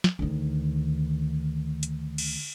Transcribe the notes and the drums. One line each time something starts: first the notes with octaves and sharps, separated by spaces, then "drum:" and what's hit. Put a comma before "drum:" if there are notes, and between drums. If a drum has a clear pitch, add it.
drum: snare
D2 D#3
drum: hi-hat
drum: cymbal